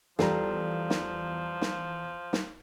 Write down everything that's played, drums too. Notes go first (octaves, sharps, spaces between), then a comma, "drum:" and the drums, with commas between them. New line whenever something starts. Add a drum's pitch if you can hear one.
E2 F3 G3 F4 A4 A#5, drum: snare
drum: snare
drum: snare
drum: snare